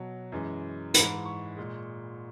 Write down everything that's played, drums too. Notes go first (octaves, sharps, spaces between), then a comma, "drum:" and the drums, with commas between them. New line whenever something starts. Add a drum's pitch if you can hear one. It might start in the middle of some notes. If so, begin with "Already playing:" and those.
Already playing: B2 F#3
F#2 E3 G#3
G#2 E3 G#3 B5, drum: hi-hat
C#6
A#2 G#3